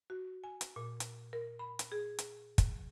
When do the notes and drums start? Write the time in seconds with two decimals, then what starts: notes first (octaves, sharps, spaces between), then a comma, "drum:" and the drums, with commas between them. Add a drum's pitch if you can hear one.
0.10 F#4
0.44 G#5
0.61 drum: hi-hat
0.76 A#2
1.00 drum: hi-hat
1.33 A#4
1.59 B5
1.79 drum: hi-hat
1.92 G#4
2.19 drum: hi-hat
2.58 drum: kick, hi-hat